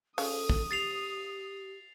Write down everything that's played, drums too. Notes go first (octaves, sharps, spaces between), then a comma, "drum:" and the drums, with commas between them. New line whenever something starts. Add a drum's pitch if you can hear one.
C#3 A4 D#6, drum: open hi-hat
drum: kick
G4 A6 C7 F7